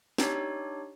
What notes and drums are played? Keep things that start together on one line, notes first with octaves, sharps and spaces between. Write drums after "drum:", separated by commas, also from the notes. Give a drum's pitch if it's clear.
D4 D#4 G4 C#5, drum: snare